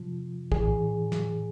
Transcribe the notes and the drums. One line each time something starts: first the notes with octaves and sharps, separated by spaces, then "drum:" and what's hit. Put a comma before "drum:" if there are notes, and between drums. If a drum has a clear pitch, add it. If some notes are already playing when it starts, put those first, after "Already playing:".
Already playing: C3 F3
A2 E3 G#4, drum: kick
drum: snare